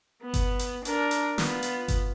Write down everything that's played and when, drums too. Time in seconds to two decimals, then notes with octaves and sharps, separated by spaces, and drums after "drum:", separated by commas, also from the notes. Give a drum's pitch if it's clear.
0.23 B3
0.34 drum: kick G1, hi-hat
0.59 drum: hi-hat
0.85 D4 A#4, drum: hi-hat
1.11 drum: hi-hat
1.38 B3 F4, drum: snare
1.63 drum: hi-hat
1.88 drum: kick G1, hi-hat